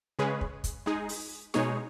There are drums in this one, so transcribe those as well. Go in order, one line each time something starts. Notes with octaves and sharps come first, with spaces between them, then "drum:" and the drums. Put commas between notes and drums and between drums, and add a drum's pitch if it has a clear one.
C#3 G#3 C#4 G#4 B4
drum: kick
drum: kick, hi-hat
G#3 D#4 G#4
drum: open hi-hat
B2 G#3 D#4 G#4 C#5, drum: snare